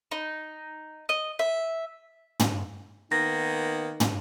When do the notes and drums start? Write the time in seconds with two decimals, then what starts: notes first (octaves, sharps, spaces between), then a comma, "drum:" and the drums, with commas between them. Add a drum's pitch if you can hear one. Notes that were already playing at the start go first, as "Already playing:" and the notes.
0.11 D#4
1.09 D#5
1.39 E5
2.40 drum: tom
3.12 D#3 A#3 B3 D#4 A#6
4.00 drum: tom